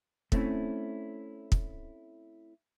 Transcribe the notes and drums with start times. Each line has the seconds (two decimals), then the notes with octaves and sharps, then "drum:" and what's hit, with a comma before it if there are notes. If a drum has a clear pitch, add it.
0.32 A3 C4 C#4 E4, drum: kick
1.52 drum: kick